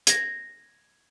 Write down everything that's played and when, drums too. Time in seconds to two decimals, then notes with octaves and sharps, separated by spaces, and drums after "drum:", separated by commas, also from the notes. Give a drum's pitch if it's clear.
0.07 G#6 A#6, drum: hi-hat